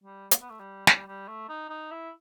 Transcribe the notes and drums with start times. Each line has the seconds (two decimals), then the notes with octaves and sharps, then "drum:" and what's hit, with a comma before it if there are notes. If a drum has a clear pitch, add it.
0.03 G3
0.31 drum: hi-hat
0.41 B3
0.50 A3
0.60 G3
0.87 G3, drum: snare
1.07 G3
1.28 A3
1.49 D#4
1.69 D#4
1.91 E4